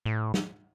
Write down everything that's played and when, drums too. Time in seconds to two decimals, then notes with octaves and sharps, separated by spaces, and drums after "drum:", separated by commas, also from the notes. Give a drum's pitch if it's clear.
0.06 A2
0.34 drum: snare